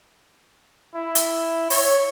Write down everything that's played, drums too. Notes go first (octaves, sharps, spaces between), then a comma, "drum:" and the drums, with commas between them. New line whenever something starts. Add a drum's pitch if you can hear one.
E4
drum: hi-hat
C#5, drum: open hi-hat